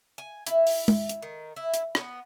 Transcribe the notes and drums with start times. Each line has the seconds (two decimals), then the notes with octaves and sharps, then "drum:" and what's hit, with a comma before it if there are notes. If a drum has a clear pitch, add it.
0.18 G#5
0.47 E4, drum: hi-hat
0.67 drum: open hi-hat
0.88 drum: tom
1.09 drum: hi-hat
1.22 D#3
1.56 E4
1.74 drum: hi-hat
1.95 B3, drum: rim click